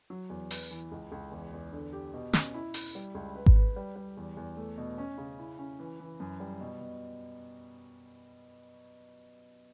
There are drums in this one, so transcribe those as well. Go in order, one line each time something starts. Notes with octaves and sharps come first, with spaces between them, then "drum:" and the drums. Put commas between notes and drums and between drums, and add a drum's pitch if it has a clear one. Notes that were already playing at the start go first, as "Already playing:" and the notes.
F#3
E2
B4, drum: open hi-hat
E3
C#2
C#2
E2
E2
D3
G4
B2
C#4, drum: snare
E4
E4, drum: open hi-hat
G3
C#2
B4
drum: kick G#1
B4
G3
G3
E2
E2
A3
B2
C#4
C#3
E4
C#4
E3
E3
F#2
G3
B2
B2